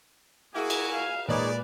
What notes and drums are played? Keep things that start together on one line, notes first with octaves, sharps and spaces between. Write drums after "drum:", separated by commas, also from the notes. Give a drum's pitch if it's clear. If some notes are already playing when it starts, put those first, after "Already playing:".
A#3 E4 F#4 G#4 G#5
drum: cymbal
F5
A#2 G#3 D#4 G#4 A#4 B4 C#5 D5